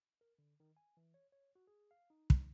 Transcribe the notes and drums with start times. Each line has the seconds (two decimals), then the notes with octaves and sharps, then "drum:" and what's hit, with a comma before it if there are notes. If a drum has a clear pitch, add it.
0.21 A#4
0.39 D3
0.60 D#3
0.77 G#5
0.97 E3
1.14 C#5
1.32 C#5
1.55 F#4
1.67 G#4
1.91 F5
2.10 D#4
2.30 D#4, drum: kick